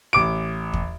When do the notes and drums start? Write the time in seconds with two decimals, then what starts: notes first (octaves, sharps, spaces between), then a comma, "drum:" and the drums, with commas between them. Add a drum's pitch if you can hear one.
0.13 A1 D6 D7
0.73 drum: kick